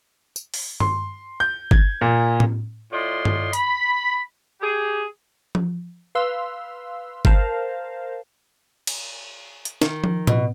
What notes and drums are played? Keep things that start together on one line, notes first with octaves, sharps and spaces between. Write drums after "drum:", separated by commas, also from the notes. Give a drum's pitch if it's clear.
drum: tambourine
drum: open hi-hat
C6, drum: tom G2
G6
G#6, drum: kick G1
A#2
drum: tom A2
A2 F4 D5 D#5 C6
drum: tom G2
B5, drum: hi-hat
G4 G#4
drum: tom F3
B4 F5 C6 E6
A#4 C5 F5 A5, drum: kick G1
drum: cymbal
drum: hi-hat
D#3, drum: snare
drum: tom F3
B2, drum: tom A2